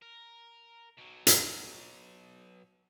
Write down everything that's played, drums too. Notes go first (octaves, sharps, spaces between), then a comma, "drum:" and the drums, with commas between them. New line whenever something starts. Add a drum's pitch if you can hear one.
A#4
B2 F#3
drum: hi-hat